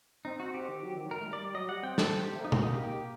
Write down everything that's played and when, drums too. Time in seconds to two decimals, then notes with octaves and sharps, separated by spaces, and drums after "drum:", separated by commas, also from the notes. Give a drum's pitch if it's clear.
0.25 C4 D#4
0.40 F#4
0.54 G4
0.69 D#3
0.83 F#3
0.96 D#3
1.06 F#3
1.11 D#3 A#4
1.21 A3
1.26 G3
1.33 D5
1.40 G3
1.54 F#3 D#5
1.69 G3 F#5
1.83 C4 G5
1.98 A4, drum: snare
2.19 G4
2.35 A3
2.41 A#3 D#4
2.52 F#4, drum: tom
2.63 D#4
2.73 G4
2.84 G4